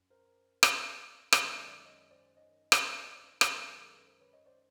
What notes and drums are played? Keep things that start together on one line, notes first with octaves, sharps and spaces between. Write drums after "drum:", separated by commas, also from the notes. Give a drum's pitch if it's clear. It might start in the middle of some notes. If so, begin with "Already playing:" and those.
Already playing: F#2
A#4 C5
drum: rim click
F#2 D#3 G#3 C#5 D#5, drum: rim click
C#5 D#5
D5 E5
C#5 D#5
C5 D5
C#5 D#5
drum: rim click
C5 D5
C#5 D#5
C5 D5
F#2 D#3 G#3 A4 B4, drum: rim click
G#4 A#4
A4 B4
A#4 C5
B4 C#5
C#5 D#5
C5 D5